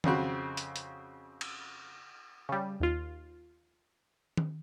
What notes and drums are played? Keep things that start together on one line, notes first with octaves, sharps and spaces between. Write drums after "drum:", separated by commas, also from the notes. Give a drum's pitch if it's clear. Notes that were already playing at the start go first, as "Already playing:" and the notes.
F2 C#3 C4 F#4, drum: tom D#3
drum: hi-hat
drum: hi-hat
drum: cymbal
C#3 G3
D#2 F4
drum: tom D#3